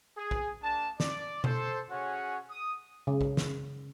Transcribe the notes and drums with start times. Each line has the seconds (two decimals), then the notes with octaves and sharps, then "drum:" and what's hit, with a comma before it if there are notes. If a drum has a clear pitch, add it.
0.17 G#4
0.31 drum: kick A#1
0.62 A#3 D4 A5
1.00 D5, drum: snare
1.44 A4 C5, drum: tom B2
1.90 C#4 F#4 G#4 C#5 F#5
2.50 D#6
3.07 C#3
3.21 drum: kick A#1
3.37 drum: snare